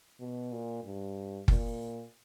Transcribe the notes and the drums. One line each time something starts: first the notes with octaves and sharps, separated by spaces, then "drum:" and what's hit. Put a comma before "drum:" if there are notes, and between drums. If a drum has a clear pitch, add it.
B2
A#2
G2
A#2, drum: kick F#1